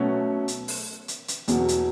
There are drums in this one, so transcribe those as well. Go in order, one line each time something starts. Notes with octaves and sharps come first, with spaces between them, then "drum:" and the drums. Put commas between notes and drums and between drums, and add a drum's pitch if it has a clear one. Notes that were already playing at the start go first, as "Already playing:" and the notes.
Already playing: B2 F#3 A3 C#4 F#4
drum: hi-hat
drum: open hi-hat
drum: hi-hat
drum: hi-hat
E2 B2 F#3, drum: hi-hat
drum: hi-hat